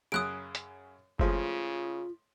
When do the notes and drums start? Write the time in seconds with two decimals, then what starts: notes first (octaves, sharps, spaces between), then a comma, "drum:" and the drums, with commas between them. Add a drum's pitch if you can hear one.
0.12 F#2 C#3 D#6 F#6 D7
0.55 drum: hi-hat
1.19 A2 C#3 F3 G#3 F4, drum: kick F#1